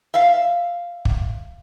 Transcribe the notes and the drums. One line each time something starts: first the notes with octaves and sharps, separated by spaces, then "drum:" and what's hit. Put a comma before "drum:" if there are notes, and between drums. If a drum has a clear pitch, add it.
E5 F5
drum: kick